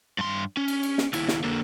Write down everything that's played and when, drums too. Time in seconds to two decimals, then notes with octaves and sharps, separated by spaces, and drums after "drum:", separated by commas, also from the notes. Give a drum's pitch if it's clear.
0.18 G2 C6
0.57 C#4
0.68 drum: cymbal
0.83 drum: cymbal
0.98 drum: snare
1.13 D#2 E4, drum: cymbal
1.28 drum: snare
1.43 D3 A#3